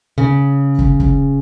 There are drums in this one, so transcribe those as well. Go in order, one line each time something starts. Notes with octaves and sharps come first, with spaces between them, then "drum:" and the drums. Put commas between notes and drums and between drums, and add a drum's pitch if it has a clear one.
C#3
drum: kick
drum: kick